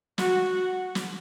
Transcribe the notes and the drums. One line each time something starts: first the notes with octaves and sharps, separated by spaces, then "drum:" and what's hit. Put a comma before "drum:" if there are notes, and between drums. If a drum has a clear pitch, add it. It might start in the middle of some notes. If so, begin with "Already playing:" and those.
F#4, drum: snare
drum: snare